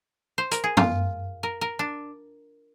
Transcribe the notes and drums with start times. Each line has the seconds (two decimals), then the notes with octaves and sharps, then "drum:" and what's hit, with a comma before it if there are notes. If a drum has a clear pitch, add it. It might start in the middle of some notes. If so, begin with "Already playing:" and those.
0.38 C5
0.51 A#4, drum: hi-hat
0.64 G#4
0.77 F4, drum: tom F#2
1.43 A#4
1.61 A#4
1.79 D4